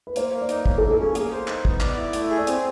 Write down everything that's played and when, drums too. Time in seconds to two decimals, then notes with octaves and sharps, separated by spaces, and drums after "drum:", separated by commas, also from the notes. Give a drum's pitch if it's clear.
0.07 B4
0.16 A#3 C5, drum: hi-hat
0.33 A#3
0.42 D5
0.49 D#4, drum: hi-hat
0.66 A#3 C#5, drum: kick
0.78 A#3 A4
0.91 A4
0.99 C#4 G#4
1.15 A#3 G#4, drum: hi-hat
1.32 C5
1.48 D#4, drum: clap
1.65 B3, drum: kick
1.80 D5, drum: clap
1.97 E4
2.13 A3, drum: hi-hat
2.30 G#4
2.38 D5
2.47 C4, drum: hi-hat